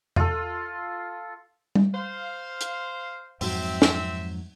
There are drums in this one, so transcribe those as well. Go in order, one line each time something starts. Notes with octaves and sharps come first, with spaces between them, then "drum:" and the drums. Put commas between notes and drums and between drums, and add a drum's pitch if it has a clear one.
F4 A4, drum: tom E2
drum: tom G3
C5 F5
drum: hi-hat
F2 G#2 F#3 C4 E5, drum: open hi-hat
drum: snare